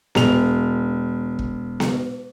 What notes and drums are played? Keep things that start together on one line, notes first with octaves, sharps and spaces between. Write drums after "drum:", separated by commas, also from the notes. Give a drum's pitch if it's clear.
E1 F7, drum: snare B3
drum: kick
drum: snare B3